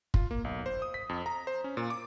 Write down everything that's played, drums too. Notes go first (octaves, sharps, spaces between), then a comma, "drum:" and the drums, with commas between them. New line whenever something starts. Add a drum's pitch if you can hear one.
F4, drum: kick
A#3
B1
C5
D#6
B6
F2
A#5
C5
C#4
A#2
D6